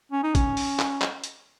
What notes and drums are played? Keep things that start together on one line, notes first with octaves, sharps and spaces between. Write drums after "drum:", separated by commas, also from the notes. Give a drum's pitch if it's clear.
C#4
D#4
C#4, drum: kick, hi-hat
drum: open hi-hat
drum: clap
drum: clap
drum: hi-hat